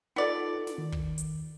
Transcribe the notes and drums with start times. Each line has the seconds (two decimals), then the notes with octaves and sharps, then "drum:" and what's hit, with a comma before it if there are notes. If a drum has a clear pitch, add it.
0.16 B3 D#4 F4 A4 D5
0.67 drum: snare
0.78 D#3
0.92 drum: kick
1.18 drum: hi-hat